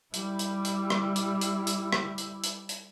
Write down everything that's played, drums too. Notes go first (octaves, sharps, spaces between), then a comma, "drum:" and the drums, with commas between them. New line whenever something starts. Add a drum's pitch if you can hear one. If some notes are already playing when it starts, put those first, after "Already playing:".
G3 E4, drum: hi-hat
drum: hi-hat
drum: hi-hat
drum: rim click
drum: hi-hat
drum: hi-hat
drum: hi-hat
drum: rim click
drum: hi-hat
drum: hi-hat
drum: hi-hat